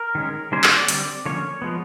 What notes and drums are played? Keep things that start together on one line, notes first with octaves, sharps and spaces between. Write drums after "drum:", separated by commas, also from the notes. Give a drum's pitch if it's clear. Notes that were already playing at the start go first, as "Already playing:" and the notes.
Already playing: A#4
D#3 G#3 C#4
D#3 G3 A#3 C#4 C5
C#5, drum: clap
D5
D3 G3 C4 D5, drum: hi-hat
D3 F3 A#3 C#4 C#5
F3 G#3 B3